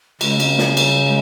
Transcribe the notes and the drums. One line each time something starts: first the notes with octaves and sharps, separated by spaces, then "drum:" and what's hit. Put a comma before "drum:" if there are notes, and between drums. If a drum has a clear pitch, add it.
C#3 G#3, drum: cymbal
C4, drum: cymbal
A#3, drum: snare
G3, drum: cymbal
G#3